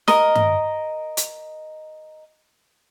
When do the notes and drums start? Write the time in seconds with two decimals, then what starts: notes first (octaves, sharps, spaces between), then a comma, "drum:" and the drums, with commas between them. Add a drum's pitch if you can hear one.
0.08 A#4 D#5, drum: snare
0.35 drum: tom G2
1.17 drum: hi-hat